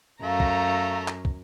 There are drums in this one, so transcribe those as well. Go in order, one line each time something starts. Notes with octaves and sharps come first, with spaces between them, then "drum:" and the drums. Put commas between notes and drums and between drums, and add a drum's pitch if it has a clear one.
F#2 A3 F5 A#5
drum: kick
drum: clap
drum: kick